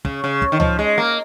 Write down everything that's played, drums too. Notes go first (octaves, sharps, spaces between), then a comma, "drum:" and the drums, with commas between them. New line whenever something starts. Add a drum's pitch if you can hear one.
C#3, drum: kick
C#3
drum: kick
D#3
F3, drum: tom C#2
G#3
A#3